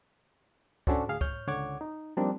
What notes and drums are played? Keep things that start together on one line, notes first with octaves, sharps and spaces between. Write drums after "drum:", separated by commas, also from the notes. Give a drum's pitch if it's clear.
C#4 D4 F#4 A4 C5 D5, drum: kick
D2 G#4 F5 F6
C#5 F6 G6, drum: kick
C#2 D3 C#5 F#5 D6 G#6
D#4
F3 G3 A#3 C4 D4 D#4